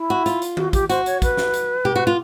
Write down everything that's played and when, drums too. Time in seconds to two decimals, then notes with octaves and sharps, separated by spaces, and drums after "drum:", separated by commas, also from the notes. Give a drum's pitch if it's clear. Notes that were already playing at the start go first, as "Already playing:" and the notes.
Already playing: E4
0.10 F#4
0.26 F4, drum: hi-hat
0.42 drum: hi-hat
0.57 F#4, drum: tom D#3
0.73 G4, drum: kick, hi-hat
0.89 F#4 C5, drum: hi-hat
1.06 C#5, drum: hi-hat
1.22 B4, drum: kick, hi-hat
1.37 drum: snare
1.53 drum: hi-hat
1.85 G4, drum: tom B2
1.96 F#4
2.07 F4